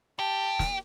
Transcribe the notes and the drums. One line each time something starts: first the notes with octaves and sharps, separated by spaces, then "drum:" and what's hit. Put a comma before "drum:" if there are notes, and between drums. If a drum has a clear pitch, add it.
G4 A5
drum: snare